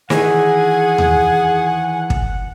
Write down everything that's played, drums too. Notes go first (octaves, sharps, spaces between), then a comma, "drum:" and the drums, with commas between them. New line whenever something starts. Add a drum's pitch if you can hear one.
D#3 E3 G#4 F#5 G#5, drum: snare D#4
drum: tom D#2
drum: kick